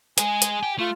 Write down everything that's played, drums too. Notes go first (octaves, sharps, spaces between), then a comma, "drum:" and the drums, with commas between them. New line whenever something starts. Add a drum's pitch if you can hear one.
G#3 G#4 G#5, drum: hi-hat
drum: hi-hat
G4
A3 F4